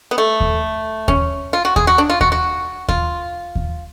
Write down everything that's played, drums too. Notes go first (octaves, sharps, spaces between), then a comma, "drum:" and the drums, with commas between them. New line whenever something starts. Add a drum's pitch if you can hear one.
B3
A3
drum: kick D#2
C#4, drum: kick D#2
F4
F#4
G#4, drum: kick D#2
F#4
D4
F4
F#4, drum: kick D#2
F#4
F4, drum: kick D#2
drum: kick D#2